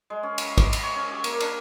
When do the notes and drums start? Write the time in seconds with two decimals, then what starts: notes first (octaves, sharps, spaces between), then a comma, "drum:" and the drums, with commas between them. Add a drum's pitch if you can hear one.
0.10 G#3
0.23 C#4
0.38 F5, drum: cymbal
0.58 D6, drum: kick, cymbal
0.73 drum: cymbal
0.83 C#5
0.96 C#4
1.11 G4
1.24 A#3, drum: cymbal
1.40 D4, drum: cymbal